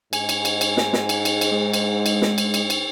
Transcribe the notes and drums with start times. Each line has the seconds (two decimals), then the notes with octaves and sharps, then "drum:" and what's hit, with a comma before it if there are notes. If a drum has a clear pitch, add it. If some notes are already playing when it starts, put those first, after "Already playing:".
0.13 G#2 G#5, drum: cymbal
0.29 drum: cymbal
0.45 drum: cymbal
0.61 drum: cymbal
0.77 drum: snare
0.93 drum: snare
1.09 drum: cymbal
1.25 drum: cymbal
1.41 drum: cymbal
1.51 G#3
1.73 drum: cymbal
2.06 drum: cymbal
2.22 drum: snare
2.38 drum: cymbal
2.54 drum: cymbal
2.70 drum: cymbal